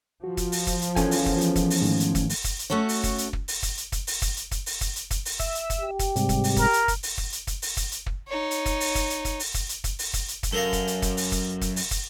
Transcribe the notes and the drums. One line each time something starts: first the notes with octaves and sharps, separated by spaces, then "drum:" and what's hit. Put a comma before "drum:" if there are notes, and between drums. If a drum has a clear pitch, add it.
F3 F#4
drum: kick, hi-hat
drum: open hi-hat
drum: kick, hi-hat
drum: hi-hat
E2 C#4 A4 G#5, drum: kick, hi-hat
drum: open hi-hat
drum: kick
drum: hi-hat
drum: kick, hi-hat
drum: open hi-hat
G#2 D#3 A3
drum: hi-hat
drum: kick, hi-hat
drum: open hi-hat
drum: kick, hi-hat
drum: hi-hat
A3 C#4 F#4 A4 C#5
drum: open hi-hat
drum: kick, hi-hat
drum: hi-hat
drum: kick
drum: open hi-hat
drum: kick, hi-hat
drum: hi-hat
drum: kick, hi-hat
drum: open hi-hat
drum: kick, hi-hat
drum: hi-hat
drum: kick, hi-hat
drum: open hi-hat
drum: kick, hi-hat
drum: hi-hat
drum: kick, hi-hat
drum: open hi-hat
E5, drum: kick, hi-hat
drum: hi-hat
drum: kick, hi-hat
G4
drum: kick, hi-hat
G#2 C3 G3, drum: hi-hat
drum: kick, hi-hat
drum: open hi-hat
A#4, drum: kick, hi-hat
drum: hi-hat
drum: kick, hi-hat
drum: open hi-hat
drum: kick
drum: hi-hat
drum: kick, hi-hat
drum: open hi-hat
drum: kick, hi-hat
drum: hi-hat
drum: kick
D#4 C#5
drum: hi-hat
drum: kick, hi-hat
drum: open hi-hat
drum: kick, hi-hat
drum: hi-hat
drum: kick, hi-hat
drum: open hi-hat
drum: kick, hi-hat
drum: hi-hat
drum: kick, hi-hat
drum: open hi-hat
drum: kick, hi-hat
drum: hi-hat
drum: kick, hi-hat
F#2 A4 A#4 F5
drum: kick, hi-hat
drum: hi-hat
drum: kick, hi-hat
drum: open hi-hat
drum: kick, hi-hat
drum: kick, hi-hat
drum: open hi-hat
drum: kick, hi-hat